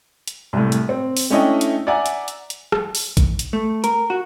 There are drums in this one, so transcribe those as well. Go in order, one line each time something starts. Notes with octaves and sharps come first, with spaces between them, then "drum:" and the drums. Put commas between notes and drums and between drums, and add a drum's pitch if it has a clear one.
drum: hi-hat
C2 A2
drum: hi-hat
C4
drum: open hi-hat
A3 C#4 D4 E4 D#5 G5
drum: hi-hat
D5 E5 F#5 G#5 A#5 D6
drum: hi-hat
drum: hi-hat
drum: hi-hat
drum: rim click
drum: open hi-hat
drum: kick A1, hi-hat
drum: hi-hat
A3
A#4, drum: hi-hat
F#4